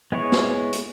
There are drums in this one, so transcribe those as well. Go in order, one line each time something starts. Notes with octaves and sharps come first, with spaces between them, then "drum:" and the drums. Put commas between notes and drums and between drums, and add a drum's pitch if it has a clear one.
G#3 B3 E4 G#4 C#5
drum: snare
drum: hi-hat